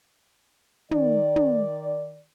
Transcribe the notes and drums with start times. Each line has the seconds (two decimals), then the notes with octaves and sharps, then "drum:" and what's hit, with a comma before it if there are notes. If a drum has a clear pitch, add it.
0.91 D#3 D5, drum: tom
1.36 drum: tom